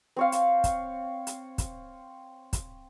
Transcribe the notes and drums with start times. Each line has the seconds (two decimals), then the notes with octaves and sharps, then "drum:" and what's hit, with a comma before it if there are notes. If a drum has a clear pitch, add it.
0.16 C4 C#5 F5
0.32 drum: hi-hat
0.64 drum: kick, hi-hat
1.27 drum: hi-hat
1.58 drum: kick, hi-hat
2.53 drum: kick, hi-hat